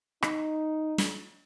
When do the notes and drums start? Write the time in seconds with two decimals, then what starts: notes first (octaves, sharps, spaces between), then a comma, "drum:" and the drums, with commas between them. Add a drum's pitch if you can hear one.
0.23 D#4, drum: rim click
0.98 drum: snare